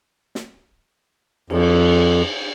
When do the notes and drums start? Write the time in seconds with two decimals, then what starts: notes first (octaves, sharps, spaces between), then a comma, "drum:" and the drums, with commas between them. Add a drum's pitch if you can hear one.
0.35 drum: snare
1.50 F2, drum: cymbal